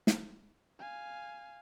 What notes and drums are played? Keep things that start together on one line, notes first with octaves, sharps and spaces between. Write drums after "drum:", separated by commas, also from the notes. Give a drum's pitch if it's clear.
drum: snare
F5 G#5